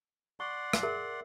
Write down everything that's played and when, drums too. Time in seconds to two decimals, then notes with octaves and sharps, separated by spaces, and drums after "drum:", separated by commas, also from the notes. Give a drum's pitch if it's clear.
0.40 D5 F#5 C6 C#6
0.73 drum: rim click
0.83 G#4 A#4 E5